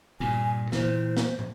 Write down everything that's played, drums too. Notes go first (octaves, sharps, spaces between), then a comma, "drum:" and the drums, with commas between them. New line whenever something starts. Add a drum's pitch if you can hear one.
G2 A#2 G#5
A#2 E3 C5, drum: snare
drum: snare
drum: tom